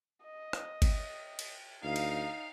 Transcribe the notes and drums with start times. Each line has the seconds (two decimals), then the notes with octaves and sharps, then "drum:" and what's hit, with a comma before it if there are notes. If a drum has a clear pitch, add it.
0.25 D#5
0.53 drum: rim click
0.82 drum: kick G1, cymbal
1.39 drum: cymbal
1.84 D2 D#4 F5
1.96 drum: cymbal